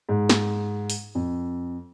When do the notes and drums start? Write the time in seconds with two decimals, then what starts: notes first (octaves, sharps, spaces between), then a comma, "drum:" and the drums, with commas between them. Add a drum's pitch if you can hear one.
0.09 G#2
0.30 drum: snare
0.90 drum: open hi-hat
1.15 F2